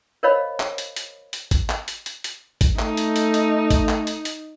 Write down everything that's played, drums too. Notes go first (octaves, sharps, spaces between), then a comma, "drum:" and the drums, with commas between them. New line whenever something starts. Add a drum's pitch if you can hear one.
A#4 C5 C#5 D#5 F5 B5
drum: clap
drum: hi-hat
drum: hi-hat
drum: hi-hat
drum: kick A1, hi-hat
drum: clap
drum: hi-hat
drum: hi-hat
drum: hi-hat
drum: kick A1, hi-hat
A3 D#4, drum: clap
drum: hi-hat
drum: hi-hat
drum: hi-hat
drum: kick A1, hi-hat
drum: clap
drum: hi-hat
drum: hi-hat